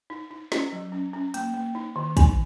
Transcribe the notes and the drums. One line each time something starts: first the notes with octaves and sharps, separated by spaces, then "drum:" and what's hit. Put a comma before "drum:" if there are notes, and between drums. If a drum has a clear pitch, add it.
D#4
D#4
C#4, drum: snare
F#3
C#4
C#4
A#3, drum: hi-hat
A#3
D#4
D#3
D#4 G#5, drum: kick, hi-hat